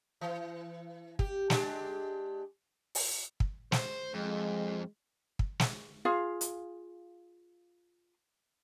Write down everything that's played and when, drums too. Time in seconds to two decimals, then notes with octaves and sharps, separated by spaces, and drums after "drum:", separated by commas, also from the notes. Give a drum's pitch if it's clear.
0.21 E3
1.19 G4, drum: kick
1.50 G#3 D4 G4, drum: snare
2.95 drum: open hi-hat
3.40 drum: kick
3.72 C5, drum: snare
4.14 F2 G#3
5.39 drum: kick
5.60 drum: snare
6.05 F4 G#4 F5
6.41 drum: hi-hat